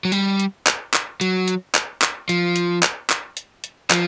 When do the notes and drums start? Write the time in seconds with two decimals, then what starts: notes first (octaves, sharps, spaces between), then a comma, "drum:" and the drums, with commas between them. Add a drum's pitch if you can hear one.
0.05 F#3
0.12 G3, drum: hi-hat
0.40 drum: hi-hat
0.67 drum: clap
0.94 drum: clap
1.21 F#3, drum: hi-hat
1.48 drum: hi-hat
1.75 drum: clap
2.02 drum: clap
2.29 F3, drum: hi-hat
2.56 drum: hi-hat
2.83 drum: clap
3.10 drum: clap
3.37 drum: hi-hat
3.64 drum: hi-hat
3.90 F3, drum: clap